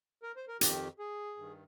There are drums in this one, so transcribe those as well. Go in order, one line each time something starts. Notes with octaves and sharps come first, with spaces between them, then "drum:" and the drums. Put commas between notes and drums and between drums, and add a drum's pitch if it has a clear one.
A#4
C5
A#4
F2 D#3 G4, drum: hi-hat
G#4
G2 D#3